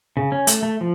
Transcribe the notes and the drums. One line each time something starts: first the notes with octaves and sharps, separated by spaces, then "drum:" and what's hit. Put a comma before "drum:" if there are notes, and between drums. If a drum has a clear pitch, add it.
C#3
C#4
A3, drum: hi-hat
A3
F3